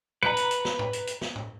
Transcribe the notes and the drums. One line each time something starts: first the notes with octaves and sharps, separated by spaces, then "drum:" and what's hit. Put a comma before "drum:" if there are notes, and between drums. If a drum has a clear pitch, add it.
B4 A#5 C#7, drum: tom
drum: hi-hat
drum: hi-hat
drum: snare
drum: tom A2
drum: hi-hat
drum: hi-hat
drum: snare
drum: tom A2